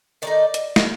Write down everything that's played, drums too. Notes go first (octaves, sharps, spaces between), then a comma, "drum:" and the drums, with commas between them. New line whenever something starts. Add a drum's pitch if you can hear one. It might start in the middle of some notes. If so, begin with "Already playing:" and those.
D#3 A3 D#4 D5
drum: hi-hat
D#5, drum: snare